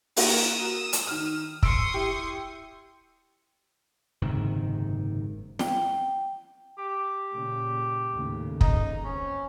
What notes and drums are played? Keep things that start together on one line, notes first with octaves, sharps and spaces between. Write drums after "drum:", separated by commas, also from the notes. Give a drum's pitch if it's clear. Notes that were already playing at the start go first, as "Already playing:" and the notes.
A#3 F#4 A#4 D#6 E6, drum: open hi-hat
drum: hi-hat
D#3 F6
C6 C#6 D#6 E6 D7, drum: kick
E4 G4
F#1 G#2 C3 D#3
G5, drum: snare
G4
A#2 C#3
D#2 A2 C#3
D#4, drum: kick
C4 C#4